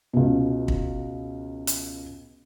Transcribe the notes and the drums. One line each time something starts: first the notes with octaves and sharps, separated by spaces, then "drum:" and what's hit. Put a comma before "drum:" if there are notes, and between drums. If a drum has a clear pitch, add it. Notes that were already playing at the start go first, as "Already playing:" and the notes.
C#2 B2
drum: kick
drum: hi-hat